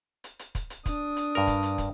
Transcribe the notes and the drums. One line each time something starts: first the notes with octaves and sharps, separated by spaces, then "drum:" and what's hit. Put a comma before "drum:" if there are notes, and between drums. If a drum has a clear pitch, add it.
drum: hi-hat
drum: hi-hat
drum: kick, hi-hat
drum: hi-hat
D4 D#6, drum: kick, hi-hat
drum: hi-hat
G2 A#4
drum: kick, hi-hat
drum: hi-hat
drum: kick, hi-hat